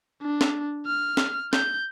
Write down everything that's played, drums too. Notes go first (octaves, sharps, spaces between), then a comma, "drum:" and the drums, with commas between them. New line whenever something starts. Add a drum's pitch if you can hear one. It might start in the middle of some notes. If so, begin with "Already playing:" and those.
D4
drum: snare
F6
drum: snare
G6, drum: snare